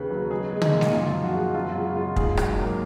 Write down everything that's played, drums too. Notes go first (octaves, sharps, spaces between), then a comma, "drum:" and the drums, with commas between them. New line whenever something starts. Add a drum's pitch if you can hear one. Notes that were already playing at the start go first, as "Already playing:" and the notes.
Already playing: D#2 C#3 B4
F#3
G#3 G#4
G#3
D#4, drum: tom
A#2
drum: snare G#3
F#2 F4
F3
F#4
G#3
F#2 F4
C#3 F#4
G#3 F4
G#2 G#4, drum: kick
F#3, drum: rim click
A#3